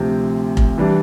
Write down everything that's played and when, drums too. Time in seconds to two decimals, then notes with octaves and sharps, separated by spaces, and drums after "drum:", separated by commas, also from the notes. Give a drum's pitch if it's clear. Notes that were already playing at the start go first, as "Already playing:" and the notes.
Already playing: D2 C3 F3 C4 G4
0.57 drum: kick F1
0.78 E3 G3 D4